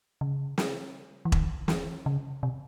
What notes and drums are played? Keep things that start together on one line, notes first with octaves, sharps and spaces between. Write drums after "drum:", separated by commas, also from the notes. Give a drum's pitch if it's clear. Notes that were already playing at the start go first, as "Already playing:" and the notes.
C#3
drum: snare
E3
D#3, drum: kick E1
E3, drum: snare
C#3
C3